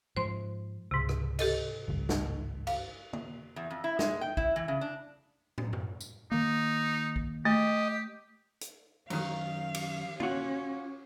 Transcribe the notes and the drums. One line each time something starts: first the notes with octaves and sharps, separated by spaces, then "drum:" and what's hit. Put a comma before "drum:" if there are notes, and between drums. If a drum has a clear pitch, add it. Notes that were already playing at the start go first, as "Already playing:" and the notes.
G#2 F3 C5 C6
C#2 G#2 C3
drum: rim click
G4 A4 D#5, drum: cymbal
G#1 C#2 G2
drum: snare
F5, drum: cymbal
drum: tom D3
E2
F2
E4
G#3, drum: snare
G5
E4, drum: kick A#1
E3
C#3
D4
drum: tom
drum: tom F#2
drum: tambourine
D#3 A#3 D#4
drum: kick A#1
A3 G4 D#5
drum: hi-hat
F#2 D#3 F5, drum: cymbal
drum: cymbal
C#4 F4 F#4, drum: tom D3